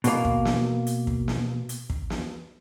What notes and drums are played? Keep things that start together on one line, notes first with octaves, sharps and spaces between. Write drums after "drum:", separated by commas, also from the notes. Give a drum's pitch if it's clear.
B2 A#3, drum: hi-hat
drum: kick
drum: snare
drum: hi-hat
drum: kick
drum: snare
drum: hi-hat
drum: kick
drum: snare